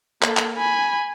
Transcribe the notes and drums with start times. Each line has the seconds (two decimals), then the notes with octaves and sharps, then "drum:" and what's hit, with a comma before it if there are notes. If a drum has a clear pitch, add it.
0.22 A#3 A4, drum: clap
0.37 drum: clap
0.57 G#5 B5